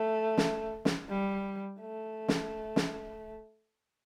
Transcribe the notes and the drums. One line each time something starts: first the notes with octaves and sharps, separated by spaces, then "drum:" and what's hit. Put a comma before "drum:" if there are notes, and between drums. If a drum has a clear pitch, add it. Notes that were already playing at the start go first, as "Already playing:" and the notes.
Already playing: A3
drum: snare
drum: snare
G3
A3
drum: snare
drum: snare